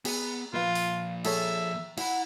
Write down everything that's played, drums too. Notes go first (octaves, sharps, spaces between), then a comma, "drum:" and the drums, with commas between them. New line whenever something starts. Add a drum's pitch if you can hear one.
B3 G#4, drum: cymbal
F3 A#3 F4 B4 F5
drum: open hi-hat
G#4 A4 C#5 E5, drum: cymbal
E4 F#5 B5, drum: cymbal